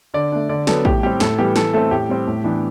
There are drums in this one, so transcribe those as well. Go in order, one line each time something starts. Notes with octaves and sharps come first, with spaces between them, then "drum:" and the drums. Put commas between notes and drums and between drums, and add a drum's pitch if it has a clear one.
D3 D5
A3 D4
D3 D5
F#3 B3 A4, drum: snare
A2 G4, drum: kick A#1
G3 C4 G4
A2 A4, drum: snare
E3 G3 B3 G4
E3 A4, drum: snare
A3 C4 A4
A2 G4
G3 C4
A2
E3 B3 D4